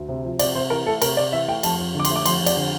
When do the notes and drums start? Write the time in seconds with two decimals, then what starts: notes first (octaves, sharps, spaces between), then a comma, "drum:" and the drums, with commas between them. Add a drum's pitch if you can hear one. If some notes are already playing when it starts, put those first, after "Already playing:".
Already playing: D2
0.09 C3
0.25 F3
0.39 C3 D5, drum: cymbal
0.55 C3 C5
0.70 E3 A#4
0.86 A3 A4
1.02 C3 A#4, drum: cymbal
1.17 C3 D5
1.33 E3 E5
1.48 A3 G5
1.63 F2 A5, drum: cymbal
1.79 F2
1.95 D3 D6
2.05 C6, drum: cymbal
2.10 A3
2.16 D6
2.26 F2 C6, drum: cymbal
2.41 F2
2.46 D5, drum: cymbal
2.57 D3